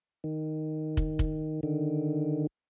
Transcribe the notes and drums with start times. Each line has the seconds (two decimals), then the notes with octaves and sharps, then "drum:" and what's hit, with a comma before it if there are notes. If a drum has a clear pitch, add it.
0.24 D#3
0.97 drum: kick
1.19 drum: kick
1.63 D3 D#3